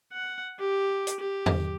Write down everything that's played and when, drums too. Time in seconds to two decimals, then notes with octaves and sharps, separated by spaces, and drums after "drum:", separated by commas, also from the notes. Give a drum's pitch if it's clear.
0.13 F#5
0.59 G4
1.07 drum: hi-hat
1.20 G4
1.46 drum: tom E2